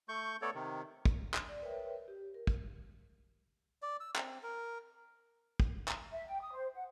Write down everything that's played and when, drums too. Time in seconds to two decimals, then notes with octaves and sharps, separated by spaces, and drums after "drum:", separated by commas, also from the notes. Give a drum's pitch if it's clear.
0.09 A3 C#6 G6
0.42 A3 B3 A4 C#5 D5
0.54 C3 D#3
1.05 drum: kick
1.34 drum: clap
1.49 D5
1.62 A#4 B4 C#5 E5 G5
2.08 G4
2.34 A#4
2.47 drum: kick
3.82 D5
4.00 E6
4.16 C4, drum: clap
4.43 A#4
5.60 drum: kick
5.88 drum: clap
6.11 E5
6.26 G5
6.40 D#6
6.53 C5
6.74 F#5